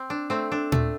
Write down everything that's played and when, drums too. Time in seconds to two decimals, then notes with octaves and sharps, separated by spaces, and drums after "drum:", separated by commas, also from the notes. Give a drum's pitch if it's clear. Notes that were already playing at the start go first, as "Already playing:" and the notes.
Already playing: C4
0.10 D4
0.30 A3 C4
0.52 D4
0.72 A3, drum: tom A#2